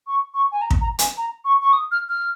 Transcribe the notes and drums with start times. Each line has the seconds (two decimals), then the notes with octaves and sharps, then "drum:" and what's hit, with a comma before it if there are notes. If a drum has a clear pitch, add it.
0.07 C#6
0.34 C#6
0.52 G#5
0.61 A#5
0.70 drum: kick
0.81 A#5
0.99 G#5, drum: hi-hat
1.17 A#5
1.45 C#6
1.61 C#6
1.73 D#6
1.91 F6
2.09 F6